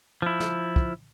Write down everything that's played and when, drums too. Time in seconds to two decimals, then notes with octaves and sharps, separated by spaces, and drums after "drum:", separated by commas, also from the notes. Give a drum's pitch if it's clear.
0.22 F3 E4
0.40 drum: snare
0.76 drum: kick